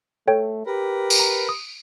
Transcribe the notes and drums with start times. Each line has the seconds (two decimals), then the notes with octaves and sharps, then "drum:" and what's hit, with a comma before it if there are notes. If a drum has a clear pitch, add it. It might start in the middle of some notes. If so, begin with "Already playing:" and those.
0.28 A3 A4 C#5 G5
0.66 G4 A#4 B4
1.10 drum: tambourine
1.20 A#5
1.49 D#6